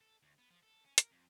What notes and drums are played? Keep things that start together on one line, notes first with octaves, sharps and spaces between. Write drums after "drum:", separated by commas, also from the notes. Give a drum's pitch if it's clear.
A4
D2
B3
F3
A4
C#4
A#4, drum: hi-hat
F2